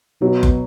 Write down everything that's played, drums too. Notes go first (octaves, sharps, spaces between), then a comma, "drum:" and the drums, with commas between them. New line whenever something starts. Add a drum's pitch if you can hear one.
B2 F#3
drum: kick F#1